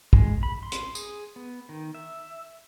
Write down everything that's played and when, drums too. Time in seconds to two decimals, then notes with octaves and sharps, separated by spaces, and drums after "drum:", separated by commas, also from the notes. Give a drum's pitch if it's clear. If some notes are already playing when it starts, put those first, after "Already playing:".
0.13 G#3, drum: kick
0.43 B5
0.63 C6
0.72 drum: hi-hat
0.95 G#4, drum: tambourine
1.36 B3
1.69 D#3
1.95 E5